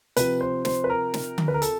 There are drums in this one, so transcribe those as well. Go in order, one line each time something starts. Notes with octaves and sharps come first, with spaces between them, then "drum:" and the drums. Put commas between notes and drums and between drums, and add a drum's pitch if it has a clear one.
C3 F3 B4, drum: hi-hat
C5
C5, drum: snare
B4
A#4
drum: snare
drum: tom D3
B4
A#4
A4, drum: hi-hat